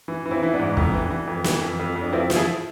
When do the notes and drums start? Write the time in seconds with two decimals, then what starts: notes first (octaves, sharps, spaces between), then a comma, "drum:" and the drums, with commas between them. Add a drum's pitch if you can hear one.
0.08 E3
0.26 E3
0.31 C4 E4
0.42 E3 E4
0.54 B3 D4
0.59 G#2
0.77 F2, drum: kick
0.94 E3
1.10 E3
1.27 F2
1.44 E3, drum: snare
1.62 F2
1.79 F2
1.96 F2
2.02 D4
2.13 F3 C4 E4
2.30 F3, drum: snare
2.35 E4 G#4